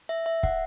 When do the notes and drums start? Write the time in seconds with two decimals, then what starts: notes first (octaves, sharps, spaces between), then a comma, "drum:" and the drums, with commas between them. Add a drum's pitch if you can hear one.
0.09 E5
0.26 E5
0.43 F#5, drum: kick C#1